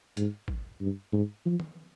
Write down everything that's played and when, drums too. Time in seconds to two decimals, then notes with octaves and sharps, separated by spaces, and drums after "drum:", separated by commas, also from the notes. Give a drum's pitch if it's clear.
0.17 G#2, drum: hi-hat
0.48 drum: kick A1
0.81 G2
1.12 G#2
1.45 F3
1.60 drum: tom